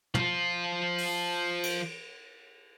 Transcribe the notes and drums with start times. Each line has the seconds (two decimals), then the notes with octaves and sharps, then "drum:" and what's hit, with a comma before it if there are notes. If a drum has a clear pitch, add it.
0.15 F3 F4, drum: tom
0.98 drum: open hi-hat
1.63 drum: cymbal